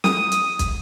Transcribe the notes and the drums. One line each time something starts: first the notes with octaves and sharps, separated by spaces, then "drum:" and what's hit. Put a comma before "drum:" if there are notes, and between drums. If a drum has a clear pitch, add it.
D#6, drum: snare
drum: hi-hat
drum: kick, hi-hat